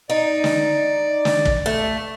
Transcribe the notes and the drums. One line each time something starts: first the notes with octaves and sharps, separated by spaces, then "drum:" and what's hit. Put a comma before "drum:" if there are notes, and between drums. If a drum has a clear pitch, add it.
D#4 D5
drum: snare
drum: snare
drum: kick
A3